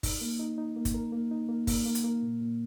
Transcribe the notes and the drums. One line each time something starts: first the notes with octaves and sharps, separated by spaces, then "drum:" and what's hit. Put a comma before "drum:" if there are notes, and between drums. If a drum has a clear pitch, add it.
D#4, drum: kick F#1, open hi-hat
A#3
D#4
D#4
A#3
drum: kick F#1, hi-hat
A#4
A#3
D#4
A#3
A#3, drum: kick F#1, open hi-hat
A#3
drum: hi-hat
A#3
A#2
A#2